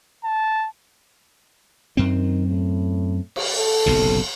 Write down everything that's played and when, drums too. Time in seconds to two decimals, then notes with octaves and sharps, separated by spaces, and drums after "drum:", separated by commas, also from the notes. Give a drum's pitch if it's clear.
0.24 A5
1.97 F#2 D#3 C4
2.48 A2
3.36 drum: cymbal
3.54 A4
3.86 F#1 B1 C3